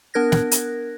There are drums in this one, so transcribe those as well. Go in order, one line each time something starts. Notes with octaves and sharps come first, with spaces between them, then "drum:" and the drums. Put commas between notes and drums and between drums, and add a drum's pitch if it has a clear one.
B3 D4 A#4 F#6 G#6 A#6
drum: snare
drum: hi-hat